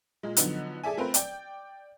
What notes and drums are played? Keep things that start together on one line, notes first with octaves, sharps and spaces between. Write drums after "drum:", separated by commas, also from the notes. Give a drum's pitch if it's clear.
A#2 G#3
D3 F3 F#3 B3 D#4, drum: hi-hat
G#4 A4 D5 E5 G#5
A3 C4 F4 A#4 B4
D5 G5 G6, drum: hi-hat